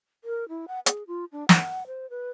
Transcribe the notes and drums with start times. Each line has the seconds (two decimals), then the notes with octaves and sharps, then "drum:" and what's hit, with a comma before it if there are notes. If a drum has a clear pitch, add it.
0.24 A#4
0.49 E4
0.68 F#5
0.86 G#4, drum: hi-hat
1.07 F4
1.32 D4
1.49 F#5, drum: snare
1.87 C5
2.10 B4